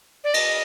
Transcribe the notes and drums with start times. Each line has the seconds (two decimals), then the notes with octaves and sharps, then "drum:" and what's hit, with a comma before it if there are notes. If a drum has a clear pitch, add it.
0.24 D5
0.34 D#5, drum: cymbal